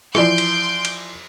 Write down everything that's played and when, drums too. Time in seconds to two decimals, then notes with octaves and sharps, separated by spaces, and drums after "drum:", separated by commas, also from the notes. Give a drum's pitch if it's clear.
0.15 E3 F3 D5 C6 G6 D7, drum: rim click
0.38 drum: cymbal
0.85 drum: cymbal